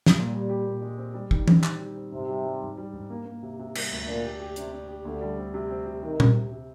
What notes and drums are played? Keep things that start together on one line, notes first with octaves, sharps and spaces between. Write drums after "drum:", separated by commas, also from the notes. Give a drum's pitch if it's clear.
drum: snare
A#2 G3
A#2
G4
A#2
G#3
C4
G3
D#3, drum: kick
C4, drum: tom
D#3, drum: clap
G3
C4
G#2 C3
G3
G3
G#2
G3
G#2
A#3
A#3
C3
C3
G3, drum: cymbal
D2
A#2 D4
G4
G4
C3 D4, drum: hi-hat
D4
G4
D2 D3
G3
C4
C3
C4
C3
C3 D#3
C3, drum: tom A#2
C3
C3